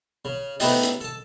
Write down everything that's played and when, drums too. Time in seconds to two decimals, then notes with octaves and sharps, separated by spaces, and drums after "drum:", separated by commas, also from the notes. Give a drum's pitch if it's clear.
0.25 C#3
0.60 A3 B3 D#4 E4 G4 D#5, drum: open hi-hat
0.83 drum: hi-hat
1.00 A4 A5